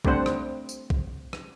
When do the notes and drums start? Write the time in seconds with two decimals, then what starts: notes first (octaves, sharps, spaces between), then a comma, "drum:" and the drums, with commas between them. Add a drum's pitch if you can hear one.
0.05 G3 A3 C4 D4 C5 F#5, drum: kick A#1
0.26 drum: rim click
0.69 drum: tambourine
0.90 drum: kick A#1
1.33 drum: rim click